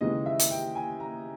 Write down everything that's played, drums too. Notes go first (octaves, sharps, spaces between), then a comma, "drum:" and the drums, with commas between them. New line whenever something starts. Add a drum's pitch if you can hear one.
D#2 C#3 E3 G#3 D#5
E5
drum: hi-hat
G5
G#5
A#5